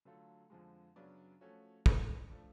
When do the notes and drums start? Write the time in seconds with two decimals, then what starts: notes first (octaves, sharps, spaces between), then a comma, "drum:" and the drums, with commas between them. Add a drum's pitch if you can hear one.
0.05 D3 F#3 A3 F4 A4
0.50 F2 D3 F3 G#3
0.96 F#2 C#3 F#3 B3 D4
1.41 F3 A3 C#4 F#4
1.86 D2 D3 G#3 C#4, drum: kick
2.31 F3 A3 D4